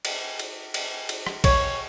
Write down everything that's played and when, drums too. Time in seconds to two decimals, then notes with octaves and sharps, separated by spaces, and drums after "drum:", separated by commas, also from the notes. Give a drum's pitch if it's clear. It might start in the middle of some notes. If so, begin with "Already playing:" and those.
0.05 drum: cymbal
0.39 drum: cymbal
0.74 drum: cymbal
1.09 drum: cymbal
1.27 drum: rim click
1.44 C#5, drum: kick, cymbal